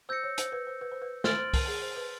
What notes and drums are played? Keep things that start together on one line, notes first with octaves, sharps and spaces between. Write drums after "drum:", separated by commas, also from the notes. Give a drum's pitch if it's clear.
C5 E6 G6 A#6 C#7
C#5
C5, drum: hi-hat
B4
C5
B4
C5
B4
C5 C6 F6 A6 D7 F#7, drum: snare
C5
A#4, drum: kick C2, open hi-hat
G#4
C5
B4